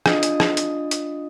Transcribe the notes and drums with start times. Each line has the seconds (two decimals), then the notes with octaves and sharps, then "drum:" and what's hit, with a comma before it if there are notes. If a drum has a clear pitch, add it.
0.06 D4 F4 D#5 D#6, drum: rim click
0.23 drum: hi-hat
0.40 drum: rim click
0.57 drum: hi-hat
0.91 drum: hi-hat